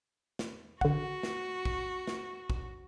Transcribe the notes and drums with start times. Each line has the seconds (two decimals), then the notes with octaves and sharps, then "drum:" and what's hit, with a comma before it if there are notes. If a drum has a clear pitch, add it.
0.39 drum: snare
0.81 D3 F#4 F#5, drum: kick
1.23 drum: snare
1.65 drum: kick
2.07 drum: snare
2.50 drum: kick